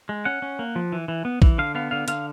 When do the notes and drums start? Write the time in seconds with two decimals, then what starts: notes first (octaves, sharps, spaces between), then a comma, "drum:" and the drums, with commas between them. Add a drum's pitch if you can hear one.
0.09 G#3
0.25 C#4 F#5
0.42 C#4
0.59 A#3
0.76 F3
0.92 E3
1.08 E3
1.25 B3
1.42 E3, drum: kick
1.58 D3 F5
1.75 B3 F5
1.91 D3 F5
2.08 D3 F5, drum: hi-hat